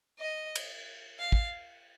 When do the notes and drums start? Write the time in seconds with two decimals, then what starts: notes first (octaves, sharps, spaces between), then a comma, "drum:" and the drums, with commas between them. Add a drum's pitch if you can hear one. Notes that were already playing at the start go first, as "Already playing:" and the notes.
0.19 D#5
0.55 drum: cymbal
1.19 F5
1.32 drum: kick